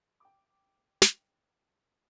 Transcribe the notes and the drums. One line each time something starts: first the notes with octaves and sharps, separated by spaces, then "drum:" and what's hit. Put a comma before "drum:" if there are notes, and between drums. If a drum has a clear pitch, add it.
G5 D6
drum: snare